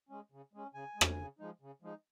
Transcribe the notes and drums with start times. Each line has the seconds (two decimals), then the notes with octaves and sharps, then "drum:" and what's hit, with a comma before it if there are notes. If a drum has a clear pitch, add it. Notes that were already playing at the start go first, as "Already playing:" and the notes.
0.09 G#3 C#4
0.32 C#3
0.53 G#3 C#4
0.74 C#3 G#5
0.96 G#3
1.01 C#4, drum: rim click
1.18 C#3
1.39 F3 G#3 D#4
1.61 C#3
1.82 F3 G#3 D#4